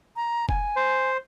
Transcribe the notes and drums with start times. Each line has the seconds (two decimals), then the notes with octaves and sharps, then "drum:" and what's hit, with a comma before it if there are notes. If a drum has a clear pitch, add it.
0.16 A#5
0.49 G#5, drum: kick F1
0.76 C5